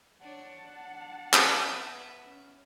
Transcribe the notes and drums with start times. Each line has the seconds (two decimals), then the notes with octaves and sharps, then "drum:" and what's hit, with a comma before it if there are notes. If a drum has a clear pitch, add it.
0.21 D4 C#5 F#5 A5
0.64 D4
1.33 B3 E5, drum: clap
2.25 C#4